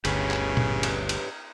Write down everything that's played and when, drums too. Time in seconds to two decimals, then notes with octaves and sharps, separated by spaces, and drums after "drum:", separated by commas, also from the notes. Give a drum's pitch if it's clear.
0.05 G1 D2 C#3 G4 B4 C#5, drum: cymbal
0.31 drum: clap
0.57 drum: tom A#2
0.83 drum: cymbal
1.09 drum: cymbal